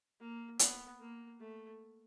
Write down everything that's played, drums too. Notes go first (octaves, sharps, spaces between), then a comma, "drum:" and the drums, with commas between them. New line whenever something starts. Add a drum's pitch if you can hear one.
A#3
B3, drum: hi-hat
A#3
A3